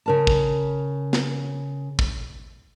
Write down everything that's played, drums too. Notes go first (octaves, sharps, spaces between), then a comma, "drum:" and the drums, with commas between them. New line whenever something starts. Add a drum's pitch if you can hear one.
C#3 A#4 A5
drum: kick
drum: snare
drum: kick